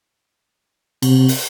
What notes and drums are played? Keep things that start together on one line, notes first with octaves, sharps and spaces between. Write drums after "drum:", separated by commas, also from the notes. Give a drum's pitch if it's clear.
C3, drum: cymbal
drum: open hi-hat